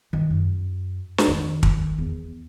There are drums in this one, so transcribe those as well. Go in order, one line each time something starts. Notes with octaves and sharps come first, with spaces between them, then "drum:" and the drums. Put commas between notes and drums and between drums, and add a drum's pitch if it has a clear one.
D#3 E3
F#2
drum: snare
F2 D#3
drum: kick
E2